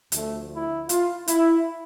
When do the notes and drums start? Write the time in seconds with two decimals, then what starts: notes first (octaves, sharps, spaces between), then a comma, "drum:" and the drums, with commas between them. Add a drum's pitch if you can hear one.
0.12 D2 D3 F3 A3, drum: hi-hat
0.50 E4
0.89 F4, drum: hi-hat
1.28 E4, drum: hi-hat